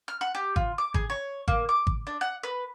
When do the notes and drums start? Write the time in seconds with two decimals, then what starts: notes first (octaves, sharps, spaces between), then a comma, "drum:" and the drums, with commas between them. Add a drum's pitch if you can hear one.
0.08 F6
0.21 F#5
0.35 G4
0.56 F4, drum: kick G#1
0.78 D6
0.94 G#4, drum: kick G#1
1.10 C#5
1.48 A#3, drum: kick G#1
1.69 D6
1.87 drum: kick G#1
2.07 D4
2.21 F#5
2.43 B4